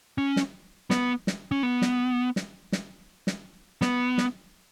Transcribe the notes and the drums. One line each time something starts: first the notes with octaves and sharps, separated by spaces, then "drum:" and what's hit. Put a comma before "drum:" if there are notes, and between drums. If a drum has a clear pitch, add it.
C#4
drum: snare
B3, drum: snare
drum: snare
C#4
B3
drum: snare
drum: snare
drum: snare
drum: snare
B3, drum: snare
drum: snare